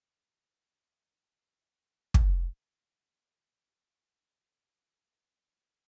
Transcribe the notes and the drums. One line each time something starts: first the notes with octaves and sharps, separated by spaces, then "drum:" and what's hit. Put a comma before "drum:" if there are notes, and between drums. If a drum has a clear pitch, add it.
A3
B3
C4
D4
D4
F#4
E4
E4
drum: kick
E4
F#4
G4
G4
G4
A4
A4
G4
F#4
A4
B4
C5